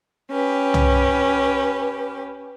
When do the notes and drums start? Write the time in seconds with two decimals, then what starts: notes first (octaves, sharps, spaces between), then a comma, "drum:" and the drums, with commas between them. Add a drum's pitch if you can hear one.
0.29 C#4 G4 B4
0.74 drum: tom